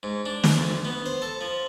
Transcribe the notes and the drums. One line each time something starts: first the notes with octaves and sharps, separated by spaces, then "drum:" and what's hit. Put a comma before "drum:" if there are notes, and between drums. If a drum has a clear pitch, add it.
G#2
D4
drum: snare
D2
B3
C5
A4
F3